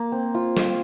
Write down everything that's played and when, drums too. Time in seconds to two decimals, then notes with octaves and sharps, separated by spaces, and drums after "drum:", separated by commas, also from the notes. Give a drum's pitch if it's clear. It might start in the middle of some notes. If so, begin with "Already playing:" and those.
Already playing: A#3
0.12 C4
0.34 F4
0.57 drum: snare